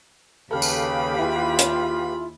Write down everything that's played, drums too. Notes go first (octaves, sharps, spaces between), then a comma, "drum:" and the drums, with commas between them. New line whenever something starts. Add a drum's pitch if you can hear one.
D#2 C#3 G4 A4 B4 F5 B5 F6
drum: tambourine
E4 F4 G#4
drum: hi-hat